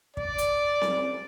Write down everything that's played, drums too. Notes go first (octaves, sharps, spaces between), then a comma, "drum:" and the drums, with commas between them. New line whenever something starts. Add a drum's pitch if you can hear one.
D5, drum: kick
drum: hi-hat
drum: snare C4